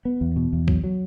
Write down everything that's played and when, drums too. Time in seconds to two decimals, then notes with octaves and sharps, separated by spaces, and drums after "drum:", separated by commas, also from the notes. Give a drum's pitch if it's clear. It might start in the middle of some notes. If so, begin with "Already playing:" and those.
0.05 B3
0.21 E2
0.36 B2
0.53 E2
0.68 F#3, drum: kick
0.84 F#3